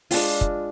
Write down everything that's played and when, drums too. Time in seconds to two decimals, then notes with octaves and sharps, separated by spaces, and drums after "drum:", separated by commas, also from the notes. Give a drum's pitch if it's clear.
0.11 G#3 D4 F4, drum: open hi-hat
0.41 drum: kick